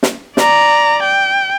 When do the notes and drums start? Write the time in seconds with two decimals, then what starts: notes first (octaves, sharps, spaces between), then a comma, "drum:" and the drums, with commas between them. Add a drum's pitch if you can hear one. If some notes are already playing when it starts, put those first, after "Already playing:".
0.03 drum: snare
0.37 D5 A#5, drum: snare
1.03 G5